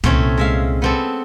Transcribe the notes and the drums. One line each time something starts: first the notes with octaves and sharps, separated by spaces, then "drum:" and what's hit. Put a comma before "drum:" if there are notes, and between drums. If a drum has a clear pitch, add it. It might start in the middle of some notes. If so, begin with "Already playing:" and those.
C2 A#2 A3 C4 C#4, drum: tom
G#3 E5 F5
B3 C4 A4